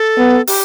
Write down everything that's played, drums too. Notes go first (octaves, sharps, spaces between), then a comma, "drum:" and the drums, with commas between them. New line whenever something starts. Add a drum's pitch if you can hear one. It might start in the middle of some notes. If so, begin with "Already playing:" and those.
Already playing: A4
B3
G4, drum: open hi-hat